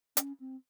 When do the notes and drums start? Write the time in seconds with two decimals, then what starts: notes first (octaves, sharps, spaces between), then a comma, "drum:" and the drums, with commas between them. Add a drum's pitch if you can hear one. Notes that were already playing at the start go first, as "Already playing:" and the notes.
0.17 C#4, drum: hi-hat
0.40 C4